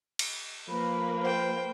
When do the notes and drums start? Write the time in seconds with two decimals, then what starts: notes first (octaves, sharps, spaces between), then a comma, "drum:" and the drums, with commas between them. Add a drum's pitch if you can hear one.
0.19 drum: cymbal
0.69 F3 A#3 A#4 B4 B5
1.23 C5 G5